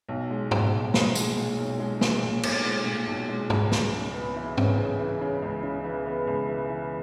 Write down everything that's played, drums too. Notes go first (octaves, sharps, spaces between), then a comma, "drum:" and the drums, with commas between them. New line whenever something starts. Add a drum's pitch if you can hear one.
B1
G#3
B1, drum: tom G#2
B1
A#2, drum: snare
G#3, drum: tambourine
A#2
B1
G#3
A#2, drum: snare
A#2
B1, drum: cymbal
G#3
A#2
B1
G#3
C#2, drum: tom G#2
C#2, drum: snare
C#2
B3
E3
C#3, drum: tom G#2
C#3
E3
C#3
C#2
C#3
E3
B3
C#2
E3
E3